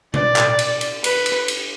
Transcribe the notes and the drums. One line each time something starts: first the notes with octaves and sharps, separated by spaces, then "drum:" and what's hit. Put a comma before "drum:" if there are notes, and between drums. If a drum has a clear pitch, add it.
D5, drum: tom B2
drum: clap
drum: cymbal
drum: cymbal
B4, drum: cymbal
drum: cymbal
drum: cymbal